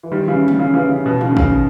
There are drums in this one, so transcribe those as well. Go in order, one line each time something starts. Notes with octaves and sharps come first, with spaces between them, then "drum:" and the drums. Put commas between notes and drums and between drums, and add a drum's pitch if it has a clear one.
E3
D#3 G3
C#3 E3
drum: tom
C#3
C#3 E3
C#3
B2
C#3, drum: tom
D#3
C#3, drum: kick